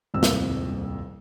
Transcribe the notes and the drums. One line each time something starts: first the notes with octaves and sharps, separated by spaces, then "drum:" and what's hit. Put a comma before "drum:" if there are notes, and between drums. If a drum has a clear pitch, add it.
D#1 C2 F2 G#2 E6
drum: snare